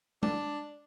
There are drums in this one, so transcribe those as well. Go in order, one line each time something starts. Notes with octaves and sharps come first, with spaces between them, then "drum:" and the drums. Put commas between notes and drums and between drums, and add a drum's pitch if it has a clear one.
D4, drum: tom G#3